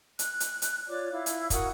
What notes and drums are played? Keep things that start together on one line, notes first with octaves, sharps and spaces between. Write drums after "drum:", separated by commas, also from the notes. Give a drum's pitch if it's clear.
F#6, drum: hi-hat
drum: hi-hat
drum: hi-hat
F4 C#5 D5 D6
E4 F5
drum: hi-hat
F#4 A#4 F#5 D#6, drum: kick, hi-hat